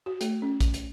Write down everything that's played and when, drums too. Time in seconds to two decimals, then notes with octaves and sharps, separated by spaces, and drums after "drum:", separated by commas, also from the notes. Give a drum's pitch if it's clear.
0.06 F#4
0.21 A3, drum: hi-hat
0.42 C#4
0.61 drum: kick, hi-hat
0.74 drum: hi-hat